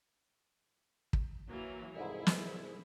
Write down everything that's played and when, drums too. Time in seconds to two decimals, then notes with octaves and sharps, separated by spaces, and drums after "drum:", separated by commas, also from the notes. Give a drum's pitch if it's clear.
1.13 drum: kick
1.48 E3 F#3 A#3
1.95 C2 F2 G#2 E4 G#4
2.27 drum: snare